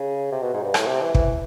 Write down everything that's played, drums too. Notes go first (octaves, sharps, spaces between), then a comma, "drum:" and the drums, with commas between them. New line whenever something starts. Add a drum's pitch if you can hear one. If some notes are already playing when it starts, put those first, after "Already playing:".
Already playing: C#3
C3
B2
G#2
G2
A2, drum: rim click
C3
E3
E3, drum: kick